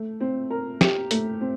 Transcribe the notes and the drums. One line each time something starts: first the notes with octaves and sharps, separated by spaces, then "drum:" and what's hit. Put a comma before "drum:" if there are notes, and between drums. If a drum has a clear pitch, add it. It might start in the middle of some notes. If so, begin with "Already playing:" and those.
Already playing: A3
C4
A#4
G4, drum: snare
A3, drum: hi-hat
C4